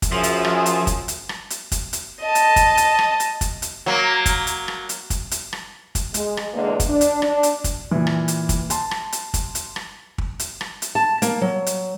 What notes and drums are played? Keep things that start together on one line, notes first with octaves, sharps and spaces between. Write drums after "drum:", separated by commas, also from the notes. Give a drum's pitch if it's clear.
drum: kick, hi-hat
F#2 F3 G#4 E5
drum: hi-hat
drum: rim click
drum: hi-hat
drum: kick, hi-hat
drum: hi-hat
drum: rim click
drum: hi-hat
drum: kick, hi-hat
drum: hi-hat
D#5 A5
drum: hi-hat
drum: kick, hi-hat
drum: hi-hat
drum: rim click
drum: hi-hat
drum: kick, hi-hat
drum: hi-hat
F#3 A#3
drum: kick, hi-hat
drum: hi-hat
drum: rim click
drum: hi-hat
drum: kick, hi-hat
drum: hi-hat
drum: rim click
drum: kick, hi-hat
G#3, drum: hi-hat
drum: rim click
E2 A2 D3 G#3 A#3
drum: kick, hi-hat
D4
drum: hi-hat
D4, drum: rim click
drum: hi-hat
drum: kick, hi-hat
A#2 E3
drum: rim click
drum: hi-hat
drum: kick, hi-hat
A5 C6, drum: hi-hat
drum: rim click
drum: hi-hat
drum: kick, hi-hat
drum: hi-hat
drum: rim click
drum: kick
drum: hi-hat
drum: rim click
drum: hi-hat
A5
A#3, drum: hi-hat
F#3
drum: hi-hat